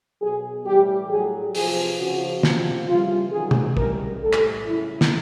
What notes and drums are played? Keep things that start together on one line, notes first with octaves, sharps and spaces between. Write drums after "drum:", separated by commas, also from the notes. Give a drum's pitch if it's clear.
B2 F#3 G#4
A2 E3 G3 G4
A2 F#3 G#4
C3 F3 G#4, drum: open hi-hat
C#3 F3 F#4
C3 F3, drum: snare
C#3 E3 G3 F4
C3 D#3 F#3 G#4
drum: tom C3
C#3 E3 G3 A#4, drum: kick
A2 E3 G3 A4
drum: clap
C#3 F#3 E4
drum: snare